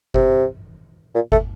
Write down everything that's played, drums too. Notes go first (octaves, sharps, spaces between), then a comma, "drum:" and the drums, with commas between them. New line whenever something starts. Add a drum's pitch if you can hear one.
C3, drum: kick G1
A#2
A3, drum: kick G1